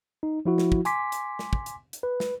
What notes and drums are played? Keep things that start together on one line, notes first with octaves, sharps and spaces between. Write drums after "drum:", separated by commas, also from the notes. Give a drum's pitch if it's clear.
D#4
F3 E4 F#4
drum: snare
drum: kick
G#5 C6 D6 B6, drum: hi-hat
drum: hi-hat
drum: snare
drum: kick
drum: hi-hat
drum: hi-hat
B4
drum: snare